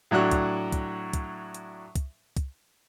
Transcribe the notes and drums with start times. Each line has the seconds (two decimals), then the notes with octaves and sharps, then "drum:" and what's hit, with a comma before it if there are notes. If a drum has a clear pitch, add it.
0.11 A2 F#3 D4 F#4 F#6
0.31 drum: kick, hi-hat
0.72 drum: kick, hi-hat
1.14 drum: kick, hi-hat
1.55 drum: hi-hat
1.96 drum: kick, hi-hat
2.37 drum: kick, hi-hat